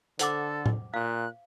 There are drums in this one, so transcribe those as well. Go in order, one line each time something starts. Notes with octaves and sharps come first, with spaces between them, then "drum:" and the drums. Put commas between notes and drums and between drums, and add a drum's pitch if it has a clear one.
D3 A4 C5 F#5 D6, drum: hi-hat
drum: tom A2
A#2 F5 F#6